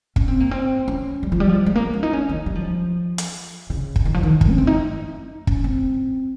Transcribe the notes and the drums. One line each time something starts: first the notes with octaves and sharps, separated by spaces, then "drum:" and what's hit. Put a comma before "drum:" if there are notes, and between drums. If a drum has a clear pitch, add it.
C#4, drum: kick
C4
A#3
C4
C#4
G3
F3
G3
F3
G#3
A#3
C#4
D#4
C#4
D#3
G3
F3
drum: hi-hat
C#3
drum: kick
D#3
F3
D#3
F3, drum: kick
C#4
C4
D#4
C#4, drum: kick
C4